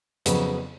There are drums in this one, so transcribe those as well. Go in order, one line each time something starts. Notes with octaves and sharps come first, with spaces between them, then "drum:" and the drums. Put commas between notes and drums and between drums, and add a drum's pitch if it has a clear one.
F2 C#3 F#3 B3, drum: hi-hat